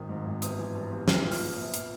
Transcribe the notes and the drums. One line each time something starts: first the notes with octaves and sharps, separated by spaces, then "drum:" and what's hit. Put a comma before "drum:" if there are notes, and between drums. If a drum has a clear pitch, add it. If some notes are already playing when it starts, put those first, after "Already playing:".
Already playing: G#1 D#3 D#6
G#2
G#1
G1 D#6, drum: hi-hat
E3
G2
G1
A#1 F6, drum: snare
F3
F6, drum: open hi-hat
A#2
A#1
drum: hi-hat